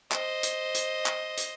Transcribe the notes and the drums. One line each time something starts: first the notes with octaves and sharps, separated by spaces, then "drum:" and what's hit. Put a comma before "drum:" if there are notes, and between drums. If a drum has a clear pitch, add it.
C5 D#5, drum: clap
drum: hi-hat
drum: hi-hat
drum: clap
drum: hi-hat